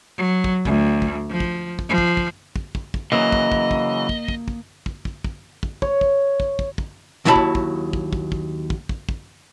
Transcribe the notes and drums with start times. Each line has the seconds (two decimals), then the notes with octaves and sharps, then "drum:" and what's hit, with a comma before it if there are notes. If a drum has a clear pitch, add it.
0.17 F#3
0.44 drum: kick
0.65 D2, drum: kick
1.02 drum: kick
1.30 F3
1.40 drum: kick
1.79 drum: kick
1.88 F3
1.98 drum: kick
2.17 drum: kick
2.56 drum: kick
2.75 drum: kick
2.94 drum: kick
3.12 C#3 E3 F#3 A#3 D#5 D#6
3.32 drum: kick
3.52 drum: kick
3.71 drum: kick
4.09 drum: kick
4.28 drum: kick
4.48 drum: kick
4.86 drum: kick
5.05 drum: kick
5.24 drum: kick
5.63 drum: kick
5.82 C#5, drum: kick
6.01 drum: kick
6.40 drum: kick
6.59 drum: kick
6.78 drum: kick
7.25 D#2 F#3 E4 E5 A5 B5
7.36 drum: kick
7.55 drum: kick
7.93 drum: kick
8.13 drum: kick
8.32 drum: kick
8.70 drum: kick
8.89 drum: kick
9.09 drum: kick